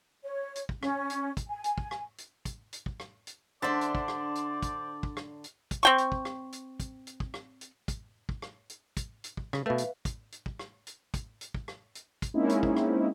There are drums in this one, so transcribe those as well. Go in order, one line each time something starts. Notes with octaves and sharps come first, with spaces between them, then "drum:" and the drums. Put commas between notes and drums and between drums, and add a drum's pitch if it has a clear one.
C#5
drum: hi-hat
drum: kick
C#4, drum: rim click
drum: hi-hat
drum: kick, hi-hat
G#5
drum: hi-hat
drum: kick
drum: rim click
drum: hi-hat
drum: kick, hi-hat
drum: hi-hat
drum: kick
drum: rim click
drum: hi-hat
D3 D4 C5 D5 E5 C6 A6
drum: hi-hat
drum: kick
drum: rim click
drum: hi-hat
drum: kick, hi-hat
drum: kick
drum: rim click
drum: hi-hat
drum: kick, hi-hat
C4 G5 C#6
drum: hi-hat
drum: kick
drum: rim click
drum: hi-hat
drum: kick, hi-hat
drum: hi-hat
drum: kick
drum: rim click
drum: hi-hat
drum: kick, hi-hat
drum: kick
drum: rim click
drum: hi-hat
drum: kick, hi-hat
drum: hi-hat
drum: kick
C#3, drum: rim click
B2 A3 B4 E5 F5
drum: hi-hat
drum: kick, hi-hat
drum: hi-hat
drum: kick
drum: rim click
drum: hi-hat
drum: kick, hi-hat
drum: hi-hat
drum: kick
drum: rim click
drum: hi-hat
drum: kick, hi-hat
G#3 A#3 C4 C#4 D#4 E4
drum: hi-hat
drum: kick
drum: rim click